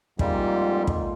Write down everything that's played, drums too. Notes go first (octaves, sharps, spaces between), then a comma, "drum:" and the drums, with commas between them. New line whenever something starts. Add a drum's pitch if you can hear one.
F2 G#2 G3 G#3 A#3 F4, drum: kick
drum: kick